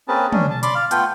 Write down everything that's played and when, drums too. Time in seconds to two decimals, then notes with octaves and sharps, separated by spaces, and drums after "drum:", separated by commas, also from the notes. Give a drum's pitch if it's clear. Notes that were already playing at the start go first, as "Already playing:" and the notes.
0.08 A#3 C4 C#4 G#4 B4 A5
0.32 C#4 D4, drum: tom
0.51 A5
0.63 D5 B5 C6 D6, drum: hi-hat
0.75 F5
0.91 A3 B3 F4 G5, drum: hi-hat